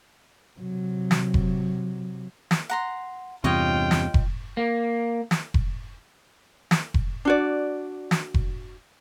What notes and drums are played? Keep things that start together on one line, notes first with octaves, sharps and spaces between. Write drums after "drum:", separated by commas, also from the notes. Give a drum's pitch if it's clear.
C3 F#3
drum: snare
drum: kick F1
drum: snare
F#5 A#5 C6
E2 G2 C3 F4 C#5 D#5 G5 C#6
drum: snare
drum: kick F1
A#3
drum: snare
drum: kick F1
drum: snare
drum: kick F1
D4 F#4 D5
drum: snare
drum: kick F1